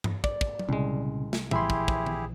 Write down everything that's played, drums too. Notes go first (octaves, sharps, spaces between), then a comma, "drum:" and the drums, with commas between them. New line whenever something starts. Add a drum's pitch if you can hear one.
drum: tom G2
D5, drum: kick
drum: kick
drum: tom F#3
C2 A#2 C#3 G#3 C#4
drum: snare
A#1 E3 E4 G4 G#4 E5 B5 C6, drum: tom A2
drum: kick
drum: kick
drum: tom D#3